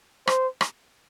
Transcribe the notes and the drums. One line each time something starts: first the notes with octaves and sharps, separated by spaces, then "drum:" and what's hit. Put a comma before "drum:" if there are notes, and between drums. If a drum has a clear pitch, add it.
C5, drum: rim click
drum: rim click